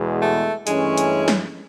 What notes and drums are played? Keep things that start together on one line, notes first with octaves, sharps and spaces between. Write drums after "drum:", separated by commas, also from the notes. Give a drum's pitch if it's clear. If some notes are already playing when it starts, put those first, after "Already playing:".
Already playing: E2 B2 G#3
A3
G2 E3 G#3 A3 C#4, drum: hi-hat
drum: hi-hat
drum: snare